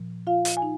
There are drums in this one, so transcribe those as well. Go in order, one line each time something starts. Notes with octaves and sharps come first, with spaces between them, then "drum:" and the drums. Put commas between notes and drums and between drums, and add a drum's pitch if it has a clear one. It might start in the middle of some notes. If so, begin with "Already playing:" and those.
Already playing: A#2 F3
F4 F5
drum: hi-hat
G#5
D#4